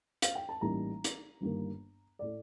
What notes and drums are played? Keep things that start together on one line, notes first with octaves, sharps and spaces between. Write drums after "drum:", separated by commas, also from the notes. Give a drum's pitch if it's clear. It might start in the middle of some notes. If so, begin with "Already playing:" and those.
F5, drum: hi-hat
G5
A5
A1 A2 G3 A#3 D#4 A#5
drum: hi-hat
G1 G2 D#3 A#3
A2 A3 D5